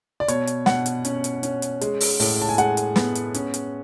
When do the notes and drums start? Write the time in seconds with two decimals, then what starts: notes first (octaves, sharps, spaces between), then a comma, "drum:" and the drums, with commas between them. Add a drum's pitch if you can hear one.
0.20 D5
0.28 B2 C#5, drum: hi-hat
0.47 drum: hi-hat
0.66 B2 F#5, drum: snare
0.86 drum: hi-hat
1.05 C#4, drum: hi-hat
1.24 drum: hi-hat
1.43 C#4, drum: hi-hat
1.62 drum: hi-hat
1.81 G#3, drum: hi-hat
2.01 drum: open hi-hat
2.20 A2, drum: open hi-hat
2.41 A5
2.49 G#5
2.58 G#3 F#5, drum: hi-hat
2.77 drum: hi-hat
2.96 B3, drum: snare
3.15 drum: hi-hat
3.34 C#4, drum: hi-hat
3.54 drum: hi-hat